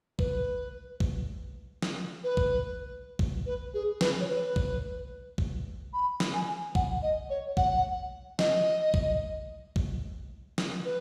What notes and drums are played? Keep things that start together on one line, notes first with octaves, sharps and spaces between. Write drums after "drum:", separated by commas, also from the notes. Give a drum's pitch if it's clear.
B4, drum: kick B1
drum: kick B1
drum: snare
B4
drum: kick B1
drum: kick B1
B4
G#4
B4, drum: snare
C#5
B4
drum: kick B1
drum: kick B1
B5
drum: snare
G#5
F#5, drum: kick B1
D#5
C#5
F#5, drum: kick B1
D#5, drum: snare
drum: kick B1
drum: kick B1
drum: snare
B4